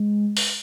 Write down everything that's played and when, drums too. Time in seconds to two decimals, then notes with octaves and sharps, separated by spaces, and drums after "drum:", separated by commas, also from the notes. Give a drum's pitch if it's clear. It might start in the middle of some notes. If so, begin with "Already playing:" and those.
Already playing: G#3
0.37 drum: open hi-hat